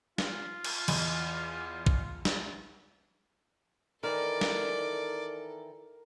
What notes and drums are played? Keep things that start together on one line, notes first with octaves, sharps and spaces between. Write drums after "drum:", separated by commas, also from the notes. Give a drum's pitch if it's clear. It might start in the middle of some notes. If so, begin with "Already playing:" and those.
F4, drum: snare
drum: cymbal
E2 D#5 B5, drum: cymbal
drum: kick
drum: snare
D#3 E3 A4 A#4 D5
drum: snare